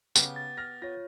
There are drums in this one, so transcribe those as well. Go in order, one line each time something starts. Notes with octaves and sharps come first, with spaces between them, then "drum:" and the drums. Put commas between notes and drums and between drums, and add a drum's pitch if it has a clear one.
C#3 B3 G4, drum: tambourine
A6
F6 A#6
F4 C#5 A#6